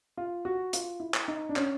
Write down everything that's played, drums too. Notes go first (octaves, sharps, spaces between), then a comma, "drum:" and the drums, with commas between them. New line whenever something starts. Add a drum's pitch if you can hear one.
F4
F#4
F4, drum: hi-hat
E4
drum: clap
D#4
D4
C#4, drum: clap